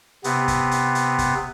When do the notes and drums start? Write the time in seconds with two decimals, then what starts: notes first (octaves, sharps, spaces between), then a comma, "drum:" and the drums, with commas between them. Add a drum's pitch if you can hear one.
0.24 C3 B3, drum: hi-hat
0.48 drum: kick, hi-hat
0.71 drum: hi-hat
0.95 drum: hi-hat
1.18 drum: kick, hi-hat